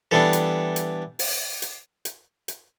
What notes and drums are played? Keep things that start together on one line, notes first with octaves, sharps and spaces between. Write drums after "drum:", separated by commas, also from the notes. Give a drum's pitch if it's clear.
E3 G3 B3 D4 A4
drum: hi-hat
drum: hi-hat
drum: open hi-hat
drum: hi-hat
drum: hi-hat
drum: hi-hat